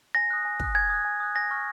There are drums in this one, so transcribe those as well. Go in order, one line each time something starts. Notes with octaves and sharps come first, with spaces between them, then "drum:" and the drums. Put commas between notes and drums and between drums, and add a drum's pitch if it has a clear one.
G#5 A#6
D#6 F#6
G#5
D#6 F#6, drum: kick
G#5 G#6
D#6 F#6
G#5
D#6 F#6
G#5 A#6
C#6 F6